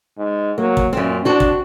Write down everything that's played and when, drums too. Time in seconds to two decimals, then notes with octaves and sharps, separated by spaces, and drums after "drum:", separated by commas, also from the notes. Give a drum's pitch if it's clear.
0.18 G#2
0.58 F#3 A#3
0.77 drum: kick
0.93 F#2 A#2 C4
1.25 C4 D4 F#4
1.40 drum: kick